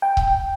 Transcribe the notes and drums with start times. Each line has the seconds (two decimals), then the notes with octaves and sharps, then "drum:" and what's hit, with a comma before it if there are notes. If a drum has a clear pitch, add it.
0.02 G5
0.17 drum: kick C#1